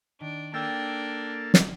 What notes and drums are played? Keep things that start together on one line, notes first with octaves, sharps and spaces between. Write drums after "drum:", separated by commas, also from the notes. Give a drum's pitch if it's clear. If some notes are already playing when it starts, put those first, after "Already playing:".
D#3 D4
A#3 D4 A4 G5 E6 G#6
drum: snare